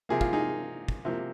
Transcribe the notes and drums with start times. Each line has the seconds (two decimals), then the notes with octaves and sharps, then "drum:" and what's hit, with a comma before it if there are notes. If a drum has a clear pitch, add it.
0.09 C3 F3 A#3 G#4
0.21 F4, drum: kick
0.33 D#4 G#4
0.88 drum: kick
1.05 C3 F3 A#3